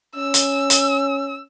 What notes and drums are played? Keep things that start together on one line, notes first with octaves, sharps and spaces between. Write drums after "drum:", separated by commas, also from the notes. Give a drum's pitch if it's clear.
C#4 E6
drum: hi-hat
drum: hi-hat